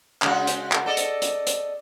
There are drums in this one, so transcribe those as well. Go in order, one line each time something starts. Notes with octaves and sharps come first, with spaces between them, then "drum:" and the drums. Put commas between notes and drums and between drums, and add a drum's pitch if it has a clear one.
C#3 G#3 F#4, drum: clap
drum: hi-hat
drum: clap
A4 D5 D#5
drum: hi-hat
drum: hi-hat
drum: hi-hat